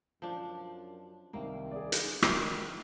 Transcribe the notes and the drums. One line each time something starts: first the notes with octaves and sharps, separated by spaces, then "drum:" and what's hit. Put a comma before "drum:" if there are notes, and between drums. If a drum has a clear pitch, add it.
F#2 F3 D4
C2 D#3 A#3 C4
G#4 D5
drum: hi-hat
D#3 E4 F5, drum: rim click